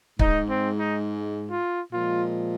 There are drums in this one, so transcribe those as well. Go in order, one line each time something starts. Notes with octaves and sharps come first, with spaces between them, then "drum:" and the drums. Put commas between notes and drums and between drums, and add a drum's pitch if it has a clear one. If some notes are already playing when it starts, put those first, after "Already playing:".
G#2 G#3 D#4, drum: kick
C4
D#4
F4
A#2 F3 G#3 F4